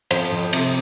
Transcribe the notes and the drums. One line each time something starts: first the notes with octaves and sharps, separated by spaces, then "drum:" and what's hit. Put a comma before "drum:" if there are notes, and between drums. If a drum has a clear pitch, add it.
F2 C5, drum: cymbal
F2
C3, drum: cymbal